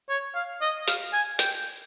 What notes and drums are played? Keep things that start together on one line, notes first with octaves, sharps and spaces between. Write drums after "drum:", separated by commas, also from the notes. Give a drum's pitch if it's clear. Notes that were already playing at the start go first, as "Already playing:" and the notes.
C#5
F5
D#5
F5, drum: hi-hat
G#5
G5, drum: hi-hat